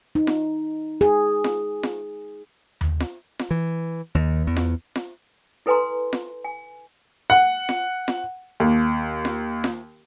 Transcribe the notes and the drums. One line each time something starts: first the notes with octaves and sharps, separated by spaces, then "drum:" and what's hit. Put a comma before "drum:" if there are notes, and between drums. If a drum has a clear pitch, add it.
D#4
drum: snare F4
G#4
drum: snare F4
drum: snare F4
drum: tom D#2
drum: snare F4
drum: snare F4
E3
D#2
E2
drum: snare F4
drum: snare F4
E4 A4 B4 G#5 A#5 C6
drum: snare F4
G#5
F#5
drum: snare F4
drum: snare F4
D#2
drum: snare F4
drum: snare F4